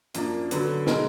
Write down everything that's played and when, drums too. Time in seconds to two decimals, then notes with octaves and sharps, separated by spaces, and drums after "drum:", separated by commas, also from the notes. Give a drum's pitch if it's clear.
0.14 F#2 F3 A#3 D4, drum: hi-hat
0.51 D3 F#3 B3, drum: hi-hat
0.87 B2 G#3 D#4 A#4, drum: snare